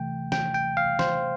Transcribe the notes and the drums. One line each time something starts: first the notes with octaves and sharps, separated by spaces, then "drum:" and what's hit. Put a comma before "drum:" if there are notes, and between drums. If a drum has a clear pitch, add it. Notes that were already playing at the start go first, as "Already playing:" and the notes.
Already playing: C3 E3 A3 G5
G5, drum: snare
G5
F5
C5, drum: snare